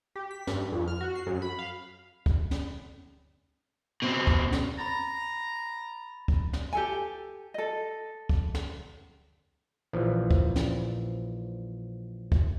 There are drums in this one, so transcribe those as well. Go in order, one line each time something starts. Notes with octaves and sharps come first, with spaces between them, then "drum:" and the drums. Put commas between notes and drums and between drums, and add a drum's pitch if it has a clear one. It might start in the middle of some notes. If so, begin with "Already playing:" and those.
G4
B6
G2, drum: snare
F2
F6
F#4
C7
F#2
B5
F5
drum: kick
drum: snare
B2 C4
drum: kick
drum: snare
A#5 B5 A6
drum: kick
drum: snare
G4 A4 G#5
A4 D#5
drum: kick
drum: snare
A#1 E3 F3
drum: kick
drum: snare
drum: kick